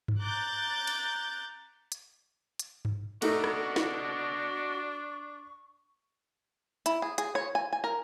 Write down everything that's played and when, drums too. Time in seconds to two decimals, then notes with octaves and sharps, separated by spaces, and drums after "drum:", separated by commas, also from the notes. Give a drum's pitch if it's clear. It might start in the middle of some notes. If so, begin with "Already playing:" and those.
0.08 drum: tom G2
0.19 A#5 D6 F#6 G6 A6
0.87 drum: cymbal
1.92 drum: hi-hat
2.59 drum: hi-hat
2.85 drum: tom G2
3.22 A3 D4 D#4 F#4 A4 D#5 C#6, drum: cymbal
3.44 drum: rim click
3.76 drum: snare
6.86 E4, drum: hi-hat
7.02 G#4
7.18 G#4, drum: hi-hat
7.35 C#5
7.55 G#5
7.73 G#5
7.84 A#4